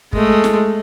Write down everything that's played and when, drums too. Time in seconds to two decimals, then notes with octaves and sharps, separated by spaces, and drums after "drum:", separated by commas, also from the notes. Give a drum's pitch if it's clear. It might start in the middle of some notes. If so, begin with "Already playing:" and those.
0.13 G#3 A3, drum: kick
0.44 drum: snare